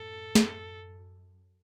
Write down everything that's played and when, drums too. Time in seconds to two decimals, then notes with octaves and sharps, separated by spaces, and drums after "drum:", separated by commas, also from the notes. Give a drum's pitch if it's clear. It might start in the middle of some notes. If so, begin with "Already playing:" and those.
Already playing: F#2 A2 A4
0.35 F#2, drum: snare